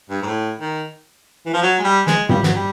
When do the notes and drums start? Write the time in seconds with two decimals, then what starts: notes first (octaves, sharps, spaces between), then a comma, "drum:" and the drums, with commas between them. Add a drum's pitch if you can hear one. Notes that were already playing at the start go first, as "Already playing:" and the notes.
0.10 G2
0.22 G#2
0.27 A2
0.60 D#3
1.46 E3
1.54 F3
1.62 F#3
1.79 G#3
1.84 G3
2.07 G#3, drum: snare
2.29 G3, drum: tom
2.43 F#3, drum: snare
2.56 G3